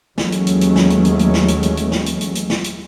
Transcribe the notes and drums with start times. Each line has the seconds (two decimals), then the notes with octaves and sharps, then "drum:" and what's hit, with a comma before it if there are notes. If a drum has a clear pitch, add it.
0.18 D#2 E3 F#3 G#3 A3 C#4, drum: snare
0.32 drum: hi-hat
0.47 drum: hi-hat
0.61 drum: hi-hat
0.76 drum: snare
0.90 drum: hi-hat
1.05 drum: hi-hat
1.19 drum: hi-hat
1.34 drum: snare
1.48 drum: hi-hat
1.63 drum: hi-hat
1.77 drum: hi-hat
1.92 drum: snare
2.06 drum: hi-hat
2.21 drum: hi-hat
2.35 drum: hi-hat
2.50 drum: snare
2.64 drum: hi-hat